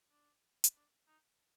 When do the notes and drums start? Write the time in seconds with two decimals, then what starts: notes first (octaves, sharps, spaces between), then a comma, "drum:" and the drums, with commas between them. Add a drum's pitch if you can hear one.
0.10 D4
0.64 drum: hi-hat
0.75 D4
1.07 D#4